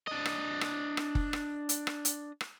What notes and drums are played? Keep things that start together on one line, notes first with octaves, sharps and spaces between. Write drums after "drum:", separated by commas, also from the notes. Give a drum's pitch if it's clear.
D4 D#5
drum: rim click
drum: rim click
drum: rim click
drum: kick F#1
drum: rim click
drum: hi-hat
drum: rim click
drum: hi-hat
drum: rim click